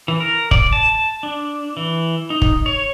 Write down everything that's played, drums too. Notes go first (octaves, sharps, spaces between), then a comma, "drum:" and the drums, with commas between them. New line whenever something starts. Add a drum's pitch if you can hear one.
E3
A#4
D5, drum: kick
A5
D4
E3
D#4
drum: kick
C#5